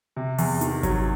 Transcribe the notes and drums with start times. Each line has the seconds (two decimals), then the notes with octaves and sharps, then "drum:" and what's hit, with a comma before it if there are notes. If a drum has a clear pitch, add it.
0.17 C3
0.38 E2, drum: open hi-hat
0.61 D#3, drum: hi-hat
0.83 F#3, drum: kick G#1, hi-hat